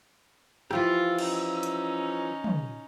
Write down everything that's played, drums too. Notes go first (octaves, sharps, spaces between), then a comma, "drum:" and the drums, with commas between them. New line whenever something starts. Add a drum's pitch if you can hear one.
E3 F3 F4 G4 E6, drum: rim click
C#4 D#4, drum: cymbal
drum: hi-hat
drum: tom